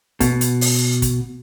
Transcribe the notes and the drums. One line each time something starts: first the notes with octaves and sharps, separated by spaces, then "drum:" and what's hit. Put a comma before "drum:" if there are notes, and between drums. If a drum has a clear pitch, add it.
B2, drum: kick, hi-hat
drum: hi-hat
drum: open hi-hat
drum: kick, hi-hat